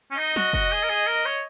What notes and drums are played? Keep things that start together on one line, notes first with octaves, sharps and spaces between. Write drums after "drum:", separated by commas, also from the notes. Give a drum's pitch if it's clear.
C#4
D#4 D#5
F#4, drum: snare
F#4, drum: kick
G#4
A#4
G#4
A#4
C#5